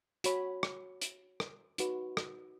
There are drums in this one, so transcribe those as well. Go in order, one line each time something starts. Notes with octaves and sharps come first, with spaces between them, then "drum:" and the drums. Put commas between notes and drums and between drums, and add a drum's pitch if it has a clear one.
F#4 C#5 B5, drum: hi-hat
drum: rim click
drum: hi-hat
drum: rim click
D#4 F#4 B4, drum: hi-hat
drum: rim click